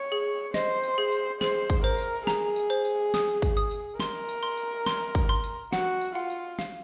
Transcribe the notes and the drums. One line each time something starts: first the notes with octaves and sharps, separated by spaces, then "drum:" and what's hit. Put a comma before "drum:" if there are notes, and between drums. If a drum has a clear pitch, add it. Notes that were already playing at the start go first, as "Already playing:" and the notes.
Already playing: C#5
G#4
C5 D#5, drum: snare
drum: tambourine
G#4
drum: tambourine
G#4 C5, drum: snare
drum: kick, tambourine
A#4 C5
drum: tambourine
G#4 A#5, drum: snare
drum: tambourine
C5
drum: tambourine
D#6, drum: snare
drum: kick, tambourine
D#6
drum: tambourine
A#4 C6, drum: snare
drum: tambourine
C6
drum: tambourine
C6, drum: snare
drum: kick, tambourine
C6
drum: tambourine
F#4 F#5, drum: snare
drum: tambourine
F4 F#5
drum: tambourine
F5, drum: snare